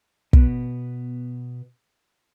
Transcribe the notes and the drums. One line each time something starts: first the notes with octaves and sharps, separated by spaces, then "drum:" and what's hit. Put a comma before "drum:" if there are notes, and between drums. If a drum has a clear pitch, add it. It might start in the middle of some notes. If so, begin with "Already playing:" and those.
B2 B3, drum: kick